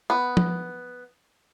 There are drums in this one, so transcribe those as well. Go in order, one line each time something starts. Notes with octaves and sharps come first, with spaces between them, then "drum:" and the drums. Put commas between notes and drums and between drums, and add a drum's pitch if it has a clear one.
B3
drum: tom F3